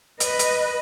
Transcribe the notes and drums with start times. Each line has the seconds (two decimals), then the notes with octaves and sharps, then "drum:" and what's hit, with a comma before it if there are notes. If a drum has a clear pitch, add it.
0.20 B4 D#5, drum: hi-hat
0.39 drum: hi-hat